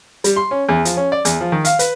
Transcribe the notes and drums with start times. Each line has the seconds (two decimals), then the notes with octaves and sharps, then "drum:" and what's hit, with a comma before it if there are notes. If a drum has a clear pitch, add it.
0.24 G3, drum: hi-hat
0.36 C6
0.51 C#4
0.69 E2
0.85 F3, drum: hi-hat
0.97 C#4
1.12 D5
1.25 E2, drum: hi-hat
1.41 F3
1.52 D#3
1.65 F5, drum: hi-hat
1.79 B4, drum: hi-hat